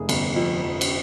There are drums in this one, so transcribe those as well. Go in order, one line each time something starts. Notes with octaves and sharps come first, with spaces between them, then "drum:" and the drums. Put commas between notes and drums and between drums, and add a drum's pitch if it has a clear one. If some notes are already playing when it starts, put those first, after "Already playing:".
Already playing: F1 G#4
G1, drum: cymbal
F2
F2
drum: cymbal